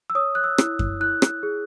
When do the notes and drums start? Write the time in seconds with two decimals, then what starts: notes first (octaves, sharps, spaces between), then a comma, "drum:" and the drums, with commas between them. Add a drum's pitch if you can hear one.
0.10 E6
0.15 C#5 D#6
0.35 F#6
0.44 E6
0.58 E4, drum: rim click
0.79 drum: kick F#2
1.00 E4 F#6
1.22 drum: rim click
1.43 G#4